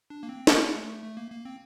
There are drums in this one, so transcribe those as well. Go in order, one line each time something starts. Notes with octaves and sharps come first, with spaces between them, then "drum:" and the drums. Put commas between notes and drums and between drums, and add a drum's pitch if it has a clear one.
D4
A#3
C4
A#3, drum: snare
A3
A3
A#3
A#3
C4